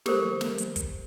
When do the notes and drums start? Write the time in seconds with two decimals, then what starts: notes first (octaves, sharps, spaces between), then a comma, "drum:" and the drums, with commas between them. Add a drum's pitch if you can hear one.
0.06 G4 A4 A#4 C5, drum: snare
0.41 drum: snare
0.58 drum: hi-hat
0.76 drum: kick, hi-hat